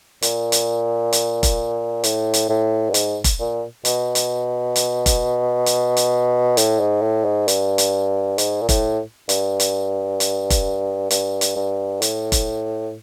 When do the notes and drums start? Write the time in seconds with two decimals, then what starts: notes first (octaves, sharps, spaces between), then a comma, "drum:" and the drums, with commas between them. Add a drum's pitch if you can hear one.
0.22 A#2, drum: hi-hat
0.52 drum: hi-hat
1.13 drum: hi-hat
1.43 drum: kick F1, hi-hat
2.04 A2, drum: hi-hat
2.34 drum: hi-hat
2.49 A2
2.90 G2
2.94 G#2, drum: hi-hat
3.24 drum: kick F1, hi-hat
3.39 A#2
3.85 B2, drum: hi-hat
4.15 drum: hi-hat
4.76 drum: hi-hat
5.06 drum: kick F1, hi-hat
5.66 drum: hi-hat
5.97 drum: hi-hat
6.57 A2, drum: hi-hat
6.80 G#2
7.02 A2
7.25 G#2
7.48 G2, drum: hi-hat
7.78 drum: hi-hat
8.38 G#2, drum: hi-hat
8.61 A#2
8.69 A2, drum: kick F1, hi-hat
9.29 G2, drum: hi-hat
9.60 drum: hi-hat
10.20 drum: hi-hat
10.50 drum: kick F1, hi-hat
11.11 G2, drum: hi-hat
11.41 drum: hi-hat
11.56 G2
12.02 A2, drum: hi-hat
12.32 drum: kick F1, hi-hat